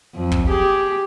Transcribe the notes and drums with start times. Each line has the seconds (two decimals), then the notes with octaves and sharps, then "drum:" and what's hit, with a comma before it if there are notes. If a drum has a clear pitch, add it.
0.15 F2
0.32 drum: kick
0.49 G4 G#4